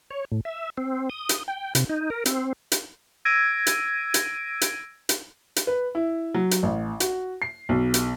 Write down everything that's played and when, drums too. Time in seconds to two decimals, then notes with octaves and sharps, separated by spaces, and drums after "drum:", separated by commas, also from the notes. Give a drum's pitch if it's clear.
0.11 C#5
0.32 A2
0.45 E5
0.77 C4
1.10 D#6
1.29 drum: hi-hat
1.48 G5
1.75 C3, drum: hi-hat
1.89 D#4
2.10 A#4
2.26 C4, drum: hi-hat
2.72 drum: hi-hat
3.25 E6 G#6 A#6 D7 D#7
3.67 drum: hi-hat
4.14 drum: hi-hat
4.61 drum: hi-hat
5.09 drum: hi-hat
5.56 drum: hi-hat
5.67 B4
5.95 E4
6.34 F#3
6.51 drum: hi-hat
6.63 A1
7.00 F#4, drum: hi-hat
7.42 C7
7.69 B1
7.94 drum: hi-hat